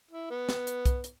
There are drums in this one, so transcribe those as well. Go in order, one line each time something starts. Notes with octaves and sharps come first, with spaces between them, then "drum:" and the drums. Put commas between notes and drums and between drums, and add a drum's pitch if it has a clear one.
E4
B3
drum: snare
drum: hi-hat
drum: kick, hi-hat
drum: hi-hat